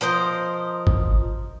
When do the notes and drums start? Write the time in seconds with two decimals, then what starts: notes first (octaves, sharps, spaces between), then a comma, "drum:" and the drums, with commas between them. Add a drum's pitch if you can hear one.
0.01 F3 A#4 C5 D#5
0.87 drum: kick